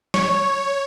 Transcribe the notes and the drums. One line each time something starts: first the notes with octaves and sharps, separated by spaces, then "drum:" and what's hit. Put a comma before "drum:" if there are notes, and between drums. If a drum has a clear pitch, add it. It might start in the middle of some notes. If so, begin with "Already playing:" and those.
C#5 C#6, drum: snare